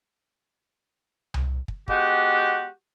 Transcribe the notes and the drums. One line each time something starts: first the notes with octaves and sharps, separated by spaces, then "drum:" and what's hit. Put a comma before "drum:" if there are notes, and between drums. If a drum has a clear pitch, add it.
drum: tom C2
drum: kick
G#3 B3 F#4 G4, drum: kick